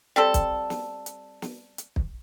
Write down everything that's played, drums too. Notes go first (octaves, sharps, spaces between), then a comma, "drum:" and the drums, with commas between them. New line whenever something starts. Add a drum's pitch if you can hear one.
G3 C4 A4
drum: kick, hi-hat
drum: snare
drum: hi-hat
drum: snare
drum: hi-hat
drum: kick